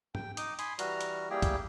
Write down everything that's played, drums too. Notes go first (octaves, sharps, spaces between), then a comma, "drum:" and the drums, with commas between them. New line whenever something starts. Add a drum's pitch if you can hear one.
G5, drum: tom G#2
D#4 D6 D#6, drum: hi-hat
G#5 B5 C6 D#6, drum: hi-hat
E3 G3 F#4 A#5 F6, drum: hi-hat
drum: hi-hat
G3 A#3 E4 G4 G#4 G5
drum: kick, hi-hat